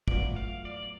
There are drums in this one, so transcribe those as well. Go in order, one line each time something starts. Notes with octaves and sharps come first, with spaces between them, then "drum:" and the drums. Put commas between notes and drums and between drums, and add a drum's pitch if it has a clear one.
A2 F#3 B3 F4 D5, drum: kick
F5
D5